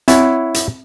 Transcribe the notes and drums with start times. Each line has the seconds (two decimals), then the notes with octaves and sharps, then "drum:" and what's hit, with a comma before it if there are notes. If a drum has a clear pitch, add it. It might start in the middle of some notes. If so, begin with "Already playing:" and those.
0.08 C4 E4 C#5 F#5, drum: hi-hat
0.54 drum: hi-hat